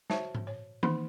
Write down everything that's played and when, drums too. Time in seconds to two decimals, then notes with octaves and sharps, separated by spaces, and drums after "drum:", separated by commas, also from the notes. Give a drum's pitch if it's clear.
0.10 F#4 C5 C#5 E5 A5, drum: snare
0.35 drum: tom G#2
0.47 C#5
0.83 E3 A#3 D#4 B5, drum: tom D#3